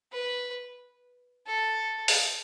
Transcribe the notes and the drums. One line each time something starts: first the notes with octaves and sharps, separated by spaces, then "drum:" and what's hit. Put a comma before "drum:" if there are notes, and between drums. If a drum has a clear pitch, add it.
B4
A4
drum: open hi-hat